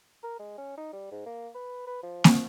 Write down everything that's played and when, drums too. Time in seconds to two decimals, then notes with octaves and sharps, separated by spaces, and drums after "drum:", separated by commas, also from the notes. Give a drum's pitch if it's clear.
0.24 A#4
0.39 G#3
0.58 C#4
0.77 D#4
0.93 G3
1.11 G#2
1.26 A#3
1.55 B4
1.87 B4
2.03 F3
2.24 drum: snare A#3